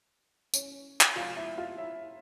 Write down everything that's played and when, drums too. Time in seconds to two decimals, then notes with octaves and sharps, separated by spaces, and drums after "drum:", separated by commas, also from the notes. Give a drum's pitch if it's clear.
0.54 C#4 C#5, drum: tambourine
1.01 drum: clap
1.16 C3 F3 G#3 F4 F5
1.37 E4 E5
1.58 F4 F5
1.78 E4 E5